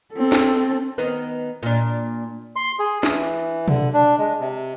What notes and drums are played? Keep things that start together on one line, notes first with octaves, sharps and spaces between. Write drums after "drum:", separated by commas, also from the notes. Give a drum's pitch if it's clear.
C4 A4
drum: snare
D#3 B3
A#2 D4
C6
G#4
E3, drum: snare
D3, drum: tom B2
D4
G#3
C3